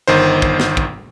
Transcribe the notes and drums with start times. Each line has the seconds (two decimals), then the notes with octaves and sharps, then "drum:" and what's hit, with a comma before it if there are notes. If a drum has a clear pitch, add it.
0.07 G1 D#3 C5
0.42 drum: kick
0.60 drum: snare
0.77 drum: kick